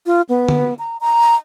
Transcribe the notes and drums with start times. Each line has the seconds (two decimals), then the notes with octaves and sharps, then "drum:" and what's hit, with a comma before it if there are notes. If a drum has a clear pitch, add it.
0.06 F4
0.29 B3
0.48 drum: tom D3
0.79 A#5
1.01 A#5